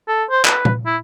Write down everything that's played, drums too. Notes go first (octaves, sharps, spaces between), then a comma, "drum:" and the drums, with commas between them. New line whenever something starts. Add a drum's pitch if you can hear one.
A4
C5
B4, drum: clap
drum: tom A#2
E4